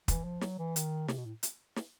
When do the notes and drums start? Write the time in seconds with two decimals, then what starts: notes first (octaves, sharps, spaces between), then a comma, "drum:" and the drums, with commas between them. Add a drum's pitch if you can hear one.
0.08 E3, drum: kick, hi-hat
0.24 F3
0.41 F#3, drum: snare
0.59 E3
0.76 D#3, drum: hi-hat
1.08 C3, drum: snare
1.18 B2
1.26 A2
1.43 drum: hi-hat
1.76 drum: snare